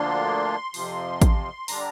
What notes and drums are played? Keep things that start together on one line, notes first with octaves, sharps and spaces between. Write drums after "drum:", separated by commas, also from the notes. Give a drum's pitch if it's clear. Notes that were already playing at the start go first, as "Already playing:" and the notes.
Already playing: D2 D3 F3 A#3 D4 C6
F2 C3 F3, drum: open hi-hat
drum: kick A1, hi-hat
D3 G3 D4 A#5, drum: open hi-hat